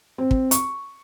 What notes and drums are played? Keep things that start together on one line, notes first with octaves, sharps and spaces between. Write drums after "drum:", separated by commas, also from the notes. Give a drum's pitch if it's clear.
C4
drum: kick
C#6, drum: hi-hat